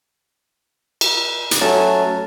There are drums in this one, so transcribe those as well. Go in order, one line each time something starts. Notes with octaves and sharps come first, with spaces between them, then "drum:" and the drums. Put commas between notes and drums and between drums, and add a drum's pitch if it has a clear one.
drum: cymbal
drum: hi-hat
F#3 A3 C#4 A5